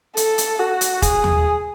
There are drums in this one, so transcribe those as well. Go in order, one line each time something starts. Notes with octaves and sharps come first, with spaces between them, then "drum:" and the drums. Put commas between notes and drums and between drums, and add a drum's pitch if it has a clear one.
A4, drum: hi-hat
drum: hi-hat
F#4
drum: hi-hat
G#4, drum: kick F1, hi-hat
drum: tom D#2